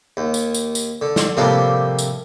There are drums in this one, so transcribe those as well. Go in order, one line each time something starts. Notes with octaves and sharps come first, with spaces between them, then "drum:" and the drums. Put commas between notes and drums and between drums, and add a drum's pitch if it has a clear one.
D#2
drum: tambourine
drum: tambourine
drum: tambourine
D3
drum: snare
A2 C3 F3 G3 A#3 D4
drum: tambourine